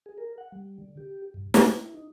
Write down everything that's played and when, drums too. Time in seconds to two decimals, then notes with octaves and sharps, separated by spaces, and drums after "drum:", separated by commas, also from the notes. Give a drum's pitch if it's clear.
0.06 G#4
0.18 A#4
0.38 F#5
0.52 G3
0.78 D3
0.97 G4
1.34 G2
1.54 F#5, drum: snare
1.77 E4
1.94 D#4